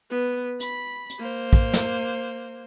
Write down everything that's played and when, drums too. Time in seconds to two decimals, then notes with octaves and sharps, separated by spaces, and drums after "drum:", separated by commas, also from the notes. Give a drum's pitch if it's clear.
0.10 B3
0.60 B5, drum: hi-hat
1.10 drum: hi-hat
1.19 A#3 C5
1.53 drum: kick
1.74 drum: snare